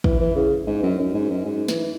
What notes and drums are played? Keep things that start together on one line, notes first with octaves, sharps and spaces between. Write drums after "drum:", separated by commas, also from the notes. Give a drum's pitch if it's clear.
E3, drum: kick
E3
C#3
G#2
F#2
F#2
G#2
F#2
G#2
E3, drum: snare